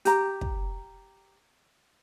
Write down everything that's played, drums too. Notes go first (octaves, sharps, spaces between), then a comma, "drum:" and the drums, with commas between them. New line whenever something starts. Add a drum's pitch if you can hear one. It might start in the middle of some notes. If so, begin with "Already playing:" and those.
G4 A#5, drum: hi-hat
drum: kick